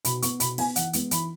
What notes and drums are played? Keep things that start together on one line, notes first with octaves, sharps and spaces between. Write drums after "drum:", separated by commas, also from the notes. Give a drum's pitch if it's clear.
B2 B5, drum: hi-hat
B3 C#6, drum: hi-hat
B2 B5, drum: hi-hat
B3 G#5, drum: open hi-hat
E3 F#5, drum: hi-hat
G#3 B3, drum: hi-hat
E3 B5, drum: hi-hat